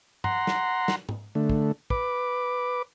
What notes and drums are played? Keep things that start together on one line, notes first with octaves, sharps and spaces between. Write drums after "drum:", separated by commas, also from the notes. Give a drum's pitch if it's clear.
F#5 A#5 C6, drum: tom
drum: snare
drum: snare
drum: tom
D3 A3
drum: kick
B4 D6, drum: kick